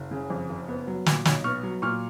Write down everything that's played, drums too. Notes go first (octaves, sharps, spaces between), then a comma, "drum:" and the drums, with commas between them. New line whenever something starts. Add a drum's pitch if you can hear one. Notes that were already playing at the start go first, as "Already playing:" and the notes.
Already playing: F#1
C#3
F2
F#1
B3
F#3
A#2, drum: snare
B1, drum: snare
B3 C#6 F6
F#3
A#2 C#6 F6